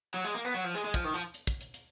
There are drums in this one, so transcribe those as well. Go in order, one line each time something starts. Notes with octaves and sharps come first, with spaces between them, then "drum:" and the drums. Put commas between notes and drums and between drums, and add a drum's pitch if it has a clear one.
F#3, drum: hi-hat
G#3
A#3
B3
F#3, drum: hi-hat
F3
G#3
G#3
F3, drum: kick, hi-hat
D#3
F3
drum: hi-hat
drum: kick, hi-hat
drum: hi-hat
drum: hi-hat